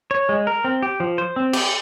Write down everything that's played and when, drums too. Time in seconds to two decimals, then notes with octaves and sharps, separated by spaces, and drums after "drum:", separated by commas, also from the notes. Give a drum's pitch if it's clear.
0.11 C#5
0.29 G#3
0.47 A#4
0.64 C4
0.83 G4
1.00 F3
1.18 C5
1.36 C4
1.53 G4, drum: cymbal